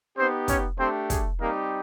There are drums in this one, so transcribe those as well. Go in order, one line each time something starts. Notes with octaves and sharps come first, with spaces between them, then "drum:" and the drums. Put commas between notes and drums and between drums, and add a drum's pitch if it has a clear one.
B3 C4 D#4 G4 C5
C#4 C#5, drum: kick, hi-hat
A3 C4 D4 G4 C5
G#4, drum: kick, hi-hat
G3 A#3 C4 D#4 G4 A#4